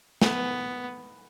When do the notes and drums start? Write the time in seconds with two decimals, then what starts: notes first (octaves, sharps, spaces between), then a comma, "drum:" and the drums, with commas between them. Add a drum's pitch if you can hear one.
0.21 B3, drum: snare